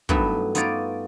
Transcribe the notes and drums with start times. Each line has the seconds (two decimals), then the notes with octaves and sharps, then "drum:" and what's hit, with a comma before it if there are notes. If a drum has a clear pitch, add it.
0.09 G2 F#3 A3 B3 D#4 E4, drum: kick
0.55 B3 D#4 F4 C#5 D5, drum: hi-hat